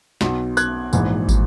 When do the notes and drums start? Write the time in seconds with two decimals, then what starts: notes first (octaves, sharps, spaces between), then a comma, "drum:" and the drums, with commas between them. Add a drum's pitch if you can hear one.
0.21 B1 B2, drum: snare
0.57 F#6 G#6, drum: tambourine
0.93 A#1 G#2 E3, drum: tambourine
1.29 drum: kick, tambourine